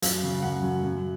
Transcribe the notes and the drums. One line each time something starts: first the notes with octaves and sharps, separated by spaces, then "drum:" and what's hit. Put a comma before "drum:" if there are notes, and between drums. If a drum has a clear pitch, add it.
F#2 F5, drum: hi-hat
C#3
F#2 F#5
F#2
F#2